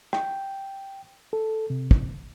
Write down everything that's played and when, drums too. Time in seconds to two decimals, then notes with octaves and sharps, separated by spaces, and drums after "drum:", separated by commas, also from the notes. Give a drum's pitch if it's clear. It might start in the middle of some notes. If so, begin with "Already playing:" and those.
0.13 G5, drum: rim click
1.33 A4
1.70 C3
1.91 drum: kick